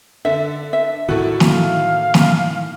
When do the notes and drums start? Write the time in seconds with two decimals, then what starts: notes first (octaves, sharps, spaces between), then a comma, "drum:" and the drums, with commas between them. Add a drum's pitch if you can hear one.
0.25 D3 A4 E5
0.73 E5
1.09 A2 D#3 E4 F#4 A4
1.40 F5, drum: snare
2.14 drum: snare